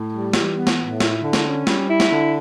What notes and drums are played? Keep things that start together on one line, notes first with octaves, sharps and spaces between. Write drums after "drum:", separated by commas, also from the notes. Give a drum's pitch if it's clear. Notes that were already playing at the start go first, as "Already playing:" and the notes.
Already playing: A2
G3
E3, drum: snare
B3
drum: snare
A2
E4, drum: snare
D3
drum: snare
C#4
G3, drum: snare
E4
drum: snare
D3